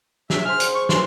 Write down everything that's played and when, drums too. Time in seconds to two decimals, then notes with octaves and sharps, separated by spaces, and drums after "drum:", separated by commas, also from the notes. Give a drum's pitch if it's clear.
0.30 E5, drum: snare
0.45 G#4 C5 F6
0.60 drum: hi-hat
0.75 C#6
0.89 E3 C6, drum: snare